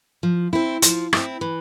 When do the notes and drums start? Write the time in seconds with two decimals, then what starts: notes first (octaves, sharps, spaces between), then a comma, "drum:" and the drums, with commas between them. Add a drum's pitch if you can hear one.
0.23 F3
0.53 C4 E4
0.82 F3, drum: hi-hat
1.13 C4 E4, drum: rim click
1.41 E3